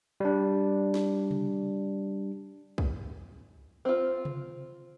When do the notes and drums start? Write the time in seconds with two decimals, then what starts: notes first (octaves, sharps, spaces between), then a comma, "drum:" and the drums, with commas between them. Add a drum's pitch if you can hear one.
0.20 G3 D4
0.94 drum: snare
1.31 drum: tom C3
2.78 drum: kick
3.85 C4 F4
4.25 drum: tom C3